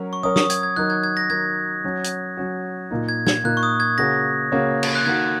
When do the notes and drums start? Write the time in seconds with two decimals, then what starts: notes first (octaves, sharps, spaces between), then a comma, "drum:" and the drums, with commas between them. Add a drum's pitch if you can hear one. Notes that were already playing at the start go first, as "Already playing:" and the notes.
Already playing: F#3 C#4 A#4 C#5
0.13 C#6
0.23 F#3 C#4 A#4 C#5 D#6
0.36 D#6, drum: snare
0.50 G#6, drum: hi-hat
0.63 G#6
0.76 D#3 F#3 D#4 A#4 F#6
0.90 G#6
1.04 G#6
1.17 A#6
1.30 D#3 F#3 D#4 A#4 G#6
1.84 F#3 C#4 F#4
2.04 drum: hi-hat
2.37 F#3 C#4 F#4
2.91 A#2 A#3 D#4
3.09 G#6
3.27 G#6, drum: snare
3.44 A#2 A#3 D#4 F#6
3.57 C#6
3.63 D#6
3.80 G#6
3.98 C#3 A#3 C#4 F#4 C#5 A#6
4.52 C#3 A#3 C#4 F#4 C#5
4.83 drum: cymbal
4.95 F#6
5.05 D#3 A#3 F#4 G#6